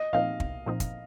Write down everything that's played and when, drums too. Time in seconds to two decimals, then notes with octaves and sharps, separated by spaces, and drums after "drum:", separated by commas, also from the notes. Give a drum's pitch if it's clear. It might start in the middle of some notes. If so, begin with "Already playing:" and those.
Already playing: D#5
0.13 A#2 F3 C4 D#4 F5
0.40 C2, drum: kick
0.66 A#2 F3 C4 D#4
0.80 drum: kick, hi-hat